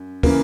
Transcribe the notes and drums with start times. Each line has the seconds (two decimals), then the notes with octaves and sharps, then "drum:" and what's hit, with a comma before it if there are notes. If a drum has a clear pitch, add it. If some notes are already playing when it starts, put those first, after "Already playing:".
Already playing: F#2
0.23 C#3 E3 A#3, drum: kick, open hi-hat